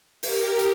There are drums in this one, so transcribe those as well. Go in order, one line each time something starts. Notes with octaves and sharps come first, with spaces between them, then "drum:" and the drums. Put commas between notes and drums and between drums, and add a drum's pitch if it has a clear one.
G4 A#4, drum: open hi-hat
drum: hi-hat